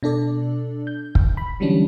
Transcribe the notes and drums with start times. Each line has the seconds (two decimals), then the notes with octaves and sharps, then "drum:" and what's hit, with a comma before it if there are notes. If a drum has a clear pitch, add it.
0.03 B2 D4 A4 D5
0.87 G6
1.15 drum: kick
1.37 B5
1.60 D3 E3 F#3 G3 C#4 D4